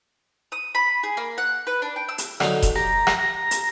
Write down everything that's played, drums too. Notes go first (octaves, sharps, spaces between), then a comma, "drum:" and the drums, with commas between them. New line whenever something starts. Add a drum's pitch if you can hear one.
D#6
B5
G#4
A#3
F#5
B4
D4
G5
E6
drum: hi-hat
D3 F#3 D#4, drum: rim click
drum: kick E1, hi-hat
G4 A#5
drum: rim click
drum: hi-hat